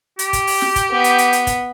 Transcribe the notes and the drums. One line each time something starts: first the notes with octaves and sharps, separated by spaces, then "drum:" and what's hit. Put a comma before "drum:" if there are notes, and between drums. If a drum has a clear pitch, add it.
G4, drum: hi-hat
drum: kick, hi-hat
drum: open hi-hat
drum: snare
drum: kick, hi-hat
B3
drum: hi-hat
drum: hi-hat
drum: hi-hat
drum: kick, hi-hat